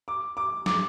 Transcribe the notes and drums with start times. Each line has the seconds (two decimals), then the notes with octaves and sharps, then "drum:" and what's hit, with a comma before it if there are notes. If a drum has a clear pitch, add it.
0.08 D6
0.37 D6
0.66 D6, drum: snare